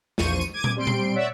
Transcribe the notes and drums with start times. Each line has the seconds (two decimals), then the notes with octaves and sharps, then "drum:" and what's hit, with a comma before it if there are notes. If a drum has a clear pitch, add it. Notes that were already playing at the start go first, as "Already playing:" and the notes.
0.18 A#1 E2 F3 C5 C#6 D#7, drum: snare
0.41 drum: tambourine
0.53 D6 G#6 D#7
0.64 drum: tom A#2
0.76 G3 C4 C6 D7
0.87 drum: tom A#2
1.15 C#5 D5 E5 F#5